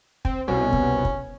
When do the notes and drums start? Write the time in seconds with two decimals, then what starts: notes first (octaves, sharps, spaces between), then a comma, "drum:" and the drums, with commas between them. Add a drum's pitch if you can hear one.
0.25 C4, drum: kick
0.48 C2 B2 C#4
0.73 drum: kick
1.05 drum: kick